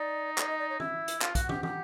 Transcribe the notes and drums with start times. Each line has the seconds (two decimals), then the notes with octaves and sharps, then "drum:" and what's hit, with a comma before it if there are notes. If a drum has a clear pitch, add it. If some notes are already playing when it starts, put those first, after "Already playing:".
Already playing: D#4 D5
0.38 D5, drum: clap
0.48 D#5
0.59 D5
0.70 C#5
0.80 E4 E5, drum: tom
1.08 drum: hi-hat
1.22 F4 F5, drum: clap
1.35 F#4, drum: kick, hi-hat
1.43 F#5
1.49 G4, drum: tom
1.63 G4, drum: tom